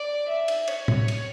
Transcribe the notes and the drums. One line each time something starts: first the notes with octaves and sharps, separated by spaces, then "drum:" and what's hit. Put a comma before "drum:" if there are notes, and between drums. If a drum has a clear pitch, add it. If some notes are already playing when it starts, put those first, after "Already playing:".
Already playing: D5
E5
drum: cymbal
C#5, drum: cymbal
drum: tom A2
drum: cymbal